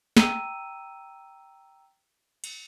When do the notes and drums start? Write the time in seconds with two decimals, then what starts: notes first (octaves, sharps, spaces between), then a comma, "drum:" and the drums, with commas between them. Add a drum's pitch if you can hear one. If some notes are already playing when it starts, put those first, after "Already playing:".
0.17 G5 A#5 E6 D#7, drum: snare
2.44 drum: cymbal